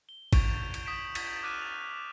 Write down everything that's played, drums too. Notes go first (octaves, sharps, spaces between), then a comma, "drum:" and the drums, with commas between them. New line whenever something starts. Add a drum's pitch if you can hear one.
G7
C#6 G6 D7 F7, drum: kick G#1, cymbal
drum: cymbal
D#6 B6 D7 E7
drum: cymbal
D6 F6 F#6 A6 D#7 E7
F7